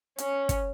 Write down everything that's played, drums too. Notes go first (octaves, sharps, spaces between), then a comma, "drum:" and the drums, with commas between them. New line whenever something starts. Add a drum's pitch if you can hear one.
C#4, drum: hi-hat
drum: kick, hi-hat